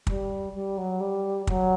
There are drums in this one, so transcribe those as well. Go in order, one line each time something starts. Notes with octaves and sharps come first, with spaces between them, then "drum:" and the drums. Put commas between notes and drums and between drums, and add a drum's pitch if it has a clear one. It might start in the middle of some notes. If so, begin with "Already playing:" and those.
G3, drum: kick
G3
F#3
G3
F#3, drum: kick